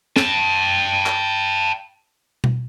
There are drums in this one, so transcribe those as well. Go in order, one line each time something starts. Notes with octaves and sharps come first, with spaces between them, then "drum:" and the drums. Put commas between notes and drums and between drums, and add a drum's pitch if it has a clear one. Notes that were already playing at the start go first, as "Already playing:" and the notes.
G5 A5, drum: snare
drum: clap
drum: tom B2